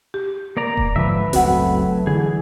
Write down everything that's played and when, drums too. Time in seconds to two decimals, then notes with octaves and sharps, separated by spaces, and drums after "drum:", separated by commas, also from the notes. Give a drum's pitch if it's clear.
0.14 G4
0.57 A#3 D5 A#5
0.77 drum: kick D#1
0.96 G#2 D3 F3 B4 E5
1.33 F#1 C#2 F#3 A3 C4 F#4 F#5, drum: hi-hat
2.07 D3 E3 G#4